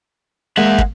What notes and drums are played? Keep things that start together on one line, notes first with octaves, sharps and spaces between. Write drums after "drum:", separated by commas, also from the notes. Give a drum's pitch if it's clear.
G#3 A#3 E5 F#5
drum: kick